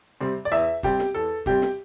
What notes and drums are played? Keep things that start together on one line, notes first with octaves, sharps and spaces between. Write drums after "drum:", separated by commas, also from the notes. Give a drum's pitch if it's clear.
C3 G3 C4
D5
E2 E5
C3 G3 C4 G4, drum: kick
drum: snare
E2 A4
C3 G3 C4 G4, drum: kick
drum: snare